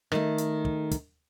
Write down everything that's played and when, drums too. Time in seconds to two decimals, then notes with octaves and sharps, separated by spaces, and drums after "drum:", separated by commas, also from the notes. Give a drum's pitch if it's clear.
0.12 D#3 A3, drum: rim click
0.38 drum: hi-hat
0.65 drum: kick
0.91 drum: kick, hi-hat